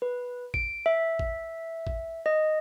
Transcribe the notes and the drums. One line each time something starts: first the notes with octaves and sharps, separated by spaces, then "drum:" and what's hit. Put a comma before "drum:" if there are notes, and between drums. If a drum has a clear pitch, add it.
B4
D7, drum: kick A1
E5
drum: kick A1
drum: kick A1
D#5